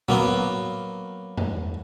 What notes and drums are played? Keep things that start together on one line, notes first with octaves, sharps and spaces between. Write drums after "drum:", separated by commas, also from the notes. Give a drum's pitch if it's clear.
F#3 A#3 B3, drum: tom A2
drum: tom